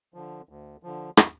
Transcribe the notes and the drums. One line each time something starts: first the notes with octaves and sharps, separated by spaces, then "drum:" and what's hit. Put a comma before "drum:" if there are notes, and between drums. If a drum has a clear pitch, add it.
D3 F3
D2
D3 F3
drum: rim click